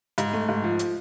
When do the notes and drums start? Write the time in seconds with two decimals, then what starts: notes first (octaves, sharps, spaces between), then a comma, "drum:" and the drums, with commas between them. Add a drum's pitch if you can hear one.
0.18 G#2, drum: hi-hat
0.33 A3
0.49 G#2
0.64 F3
0.79 drum: hi-hat